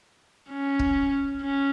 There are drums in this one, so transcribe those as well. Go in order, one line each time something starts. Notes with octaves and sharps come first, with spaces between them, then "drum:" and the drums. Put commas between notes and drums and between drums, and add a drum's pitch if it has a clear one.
C#4
drum: kick
C#4